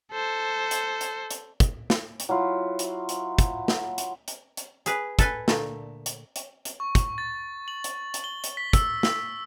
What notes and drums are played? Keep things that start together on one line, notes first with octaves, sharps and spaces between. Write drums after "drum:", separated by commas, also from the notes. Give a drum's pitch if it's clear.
A4 C5
drum: hi-hat
drum: hi-hat
drum: hi-hat
drum: kick, hi-hat
drum: snare
drum: hi-hat
F#3 E4 F4
drum: hi-hat
drum: hi-hat
drum: kick, hi-hat
drum: snare
drum: hi-hat
drum: hi-hat
drum: hi-hat
G#4 B4, drum: hi-hat
A4 B4 G#5, drum: kick, hi-hat
A#2 D3 A3, drum: snare
drum: hi-hat
drum: hi-hat
drum: hi-hat
C#6
drum: kick, hi-hat
A6
F#7
drum: hi-hat
drum: hi-hat
G7
drum: hi-hat
B6
E6, drum: kick, hi-hat
E6, drum: snare